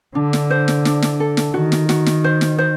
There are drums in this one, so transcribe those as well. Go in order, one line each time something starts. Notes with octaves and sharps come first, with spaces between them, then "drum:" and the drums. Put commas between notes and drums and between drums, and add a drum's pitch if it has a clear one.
D3 D4
drum: snare
C5
drum: snare
D4, drum: snare
drum: snare
A4
drum: snare
D#3 F#4
drum: snare
F#4, drum: snare
drum: snare
C5
drum: snare
C5